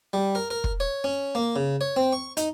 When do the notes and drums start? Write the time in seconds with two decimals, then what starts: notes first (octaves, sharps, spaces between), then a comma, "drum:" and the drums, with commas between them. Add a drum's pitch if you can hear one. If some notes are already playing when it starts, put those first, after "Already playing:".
0.13 G3
0.35 A#4
0.51 A#4
0.64 drum: kick
0.80 C#5
1.04 C#4
1.35 A#3
1.56 C#3
1.81 C#5
1.96 C4
2.13 C#6
2.37 D#4, drum: hi-hat